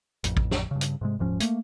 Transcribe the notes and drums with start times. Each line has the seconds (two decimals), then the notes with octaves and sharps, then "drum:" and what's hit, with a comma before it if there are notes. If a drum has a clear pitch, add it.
0.24 A1 F2, drum: hi-hat
0.37 drum: kick
0.51 drum: snare
0.71 G2 C#3
0.81 drum: hi-hat
1.01 G#2 C3 G#3
1.19 D#1 G#2 F3 C#4
1.40 A3 A#3, drum: hi-hat